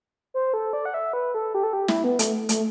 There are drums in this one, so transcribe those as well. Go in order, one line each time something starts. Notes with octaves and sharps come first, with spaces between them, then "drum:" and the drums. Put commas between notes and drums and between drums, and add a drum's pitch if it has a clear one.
C5
A4
D5
F#5
E5
B4
A4
G4
A4
G4
E4, drum: snare
B3
A3, drum: hi-hat
A3, drum: hi-hat